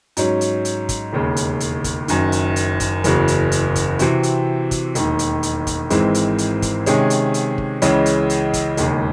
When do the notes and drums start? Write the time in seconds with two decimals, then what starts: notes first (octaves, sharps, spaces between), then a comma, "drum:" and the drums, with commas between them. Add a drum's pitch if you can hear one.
0.17 G#2 F#3 C#4, drum: hi-hat
0.41 drum: hi-hat
0.65 drum: hi-hat
0.89 drum: kick, hi-hat
1.13 E1 D#2 C#3
1.36 drum: hi-hat
1.60 drum: hi-hat
1.84 drum: kick, hi-hat
2.08 F#1 F#2 D#3, drum: hi-hat
2.32 drum: hi-hat
2.56 drum: hi-hat
2.80 drum: kick, hi-hat
3.04 F#1 E2 C#3 F#3, drum: hi-hat
3.28 drum: hi-hat
3.52 drum: hi-hat
3.75 drum: kick, hi-hat
3.99 C3 E3 C4 F#4, drum: hi-hat
4.23 drum: hi-hat
4.71 drum: kick, hi-hat
4.95 E1 D#2 D#3, drum: hi-hat
5.19 drum: hi-hat
5.43 drum: hi-hat
5.67 drum: kick, hi-hat
5.90 G#1 G#2 E3 G#3 C4, drum: hi-hat
6.15 drum: hi-hat
6.38 drum: hi-hat
6.62 drum: kick, hi-hat
6.86 C3 D#3 G#3 C#4 G#4, drum: hi-hat
7.10 drum: hi-hat
7.34 drum: hi-hat
7.58 drum: kick
7.82 C#2 C#3 E3 G#3 C#4, drum: hi-hat
8.06 drum: hi-hat
8.30 drum: hi-hat
8.54 drum: kick, hi-hat
8.77 E1 D#2 C#3 G#3, drum: hi-hat